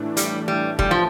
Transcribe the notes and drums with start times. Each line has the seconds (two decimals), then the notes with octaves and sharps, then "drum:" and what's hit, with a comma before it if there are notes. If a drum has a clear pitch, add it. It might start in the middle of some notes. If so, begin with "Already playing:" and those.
Already playing: A2 E3 A3 D4
0.17 G3, drum: hi-hat
0.48 G3
0.79 G3, drum: kick E1
0.91 F3